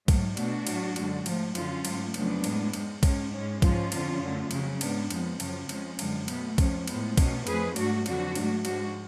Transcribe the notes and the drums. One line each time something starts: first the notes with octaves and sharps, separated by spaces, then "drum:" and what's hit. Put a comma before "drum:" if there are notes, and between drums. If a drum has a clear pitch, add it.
G#2 F#3 A3, drum: kick B1, cymbal
B2 A3 D4 F#4, drum: cymbal
A2 F#3 A3, drum: cymbal
F#2 D3 G#3, drum: cymbal
G#2 F3 A3, drum: cymbal
F#2 D3 F3 C#4 F4, drum: cymbal
G#2 F#3 A3, drum: cymbal
F2 C#3 F#3 A3 B3 D4, drum: cymbal
A2 G#3, drum: cymbal
G#2 G#3, drum: cymbal
G#2 G#3 C#4, drum: kick B1, cymbal
G#2 G#3 C#4
G#2 F3 G#3 C#4 F4, drum: kick B1, cymbal
F2 D3 F3, drum: cymbal
F#2 D3 F#3 A3
F2 C#3 F#3, drum: cymbal
G#2 G#3 B3 D4, drum: cymbal
F2 F3 G#3 B3, drum: cymbal
F#2 C#3 F3 C#4, drum: cymbal
F2 F3 G#3 C#4, drum: cymbal
F#2 D3 F3 G#3, drum: cymbal
B2 A3 B3, drum: cymbal
F2 F3 A3 C#4, drum: kick B1, cymbal
A2 F3 G#3 B3, drum: cymbal
B2 A3 C#4, drum: kick B1, cymbal
F2 F3 A3 G#4 B4, drum: cymbal
G#2 F#3 A3 D4 F#4, drum: cymbal
F2 D3 F#3 D4 F#4, drum: cymbal
G#2 F#3 A3, drum: cymbal
G#2 F3 G#3 D4 F#4, drum: cymbal